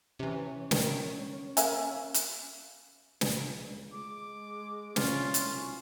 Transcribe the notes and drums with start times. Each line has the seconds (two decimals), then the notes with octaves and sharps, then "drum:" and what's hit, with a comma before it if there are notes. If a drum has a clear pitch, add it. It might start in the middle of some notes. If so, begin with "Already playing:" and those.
0.19 C3 E3 C#4
0.71 D#3, drum: snare
1.57 A#3 E5 G#5, drum: hi-hat
2.14 drum: hi-hat
3.21 C#2, drum: snare
3.93 G#3 D6
4.96 C2 C#4 F4, drum: snare
5.34 drum: hi-hat
5.47 B1